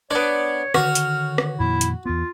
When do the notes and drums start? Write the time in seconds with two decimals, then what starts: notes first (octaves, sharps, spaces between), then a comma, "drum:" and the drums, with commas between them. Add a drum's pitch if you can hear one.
0.11 B3 D4 C#5 D5
0.74 D3 D#3 F#4 C#5 F6, drum: rim click
0.95 drum: hi-hat
1.38 drum: rim click
1.60 F2 A#2 D#3 E4
1.81 drum: hi-hat
2.06 E2 B3 F4